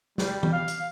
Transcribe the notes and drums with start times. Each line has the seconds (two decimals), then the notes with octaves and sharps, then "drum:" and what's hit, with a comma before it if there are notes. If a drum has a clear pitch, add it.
0.18 G3, drum: snare
0.43 drum: tom E3
0.52 F5
0.68 drum: hi-hat